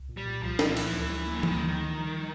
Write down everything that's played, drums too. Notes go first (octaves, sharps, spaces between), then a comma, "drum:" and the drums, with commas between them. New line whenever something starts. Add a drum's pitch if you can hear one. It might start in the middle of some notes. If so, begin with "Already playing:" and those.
Already playing: C2
A#2
G3
A#2
C2 F3
A#2, drum: snare
E3
F3, drum: cymbal
D2
G3
A#3
D3
D2 D#3, drum: tom E3
D3
D#3
G3
F3
F3